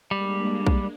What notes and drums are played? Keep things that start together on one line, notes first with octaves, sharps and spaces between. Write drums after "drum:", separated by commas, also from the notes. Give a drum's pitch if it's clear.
G3 G#3 A#3 D4
drum: kick A#1